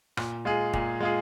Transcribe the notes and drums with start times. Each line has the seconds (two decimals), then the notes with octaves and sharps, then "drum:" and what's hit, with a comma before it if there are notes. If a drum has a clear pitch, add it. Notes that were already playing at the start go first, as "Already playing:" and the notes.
0.17 A#2, drum: rim click
0.45 G#3 F4 G#4
0.73 A#2, drum: kick
1.01 G#3 F4 G#4